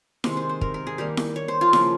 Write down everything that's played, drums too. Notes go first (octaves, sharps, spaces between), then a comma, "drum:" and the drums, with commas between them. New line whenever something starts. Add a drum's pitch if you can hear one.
C3 D#3 G#3 C5, drum: snare E4
C5
C5
A#4, drum: kick
A#4
G#4
D#3 G3 A#3 G4
drum: snare E4
C#5
C5
F4
C#3 F3 A#3, drum: snare E4